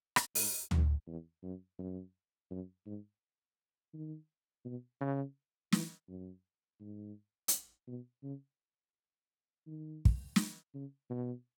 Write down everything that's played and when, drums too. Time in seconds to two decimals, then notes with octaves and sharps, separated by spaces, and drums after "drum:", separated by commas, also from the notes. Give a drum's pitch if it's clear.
0.16 drum: rim click
0.35 G#2, drum: open hi-hat
0.71 F#2, drum: tom D2
1.07 E2
1.43 F#2
1.79 F#2
2.51 F#2
2.86 G#2
3.94 D#3
4.65 B2
5.01 C#3
5.72 E3, drum: snare
6.08 F#2
6.80 G#2
7.48 drum: hi-hat
7.88 B2
8.23 C#3
9.67 D#3
10.05 drum: kick
10.36 drum: snare
10.74 C#3
11.10 B2